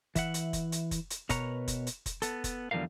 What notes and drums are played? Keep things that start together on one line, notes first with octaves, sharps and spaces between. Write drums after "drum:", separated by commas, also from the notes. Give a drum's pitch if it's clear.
E3 E5 F#5, drum: kick F1, hi-hat
drum: hi-hat
drum: kick F1, hi-hat
drum: hi-hat
drum: kick F1, hi-hat
drum: hi-hat
B2 A#4 B4 C#5 A#5, drum: kick F1, hi-hat
drum: kick F1, hi-hat
drum: hi-hat
drum: kick F1, hi-hat
B3 A4, drum: hi-hat
drum: kick F1, hi-hat
E2 D3 F3 G3 A#4 F5